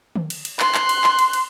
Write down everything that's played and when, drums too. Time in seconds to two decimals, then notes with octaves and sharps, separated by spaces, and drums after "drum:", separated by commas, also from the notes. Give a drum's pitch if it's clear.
0.16 drum: tom D3
0.30 drum: cymbal
0.45 drum: cymbal
0.60 C6 F#6, drum: clap
0.74 drum: clap
0.89 drum: cymbal
1.04 drum: clap
1.19 drum: cymbal
1.33 drum: cymbal